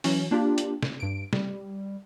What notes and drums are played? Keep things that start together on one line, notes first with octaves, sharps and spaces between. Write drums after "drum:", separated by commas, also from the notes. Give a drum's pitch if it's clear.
E3 F#3 C#4, drum: open hi-hat
A#3 D4 F4 G4
drum: hi-hat
drum: snare
G2 D7
G3, drum: snare